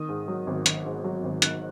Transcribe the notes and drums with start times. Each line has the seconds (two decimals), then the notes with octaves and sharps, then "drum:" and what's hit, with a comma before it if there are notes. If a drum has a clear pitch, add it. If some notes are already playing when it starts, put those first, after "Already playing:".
Already playing: D#3 D#6
0.09 G#2
0.28 F#3
0.47 G#1
0.66 D#3, drum: hi-hat
0.85 G#2
1.04 F#3
1.24 G#1
1.42 D#3 F#6, drum: hi-hat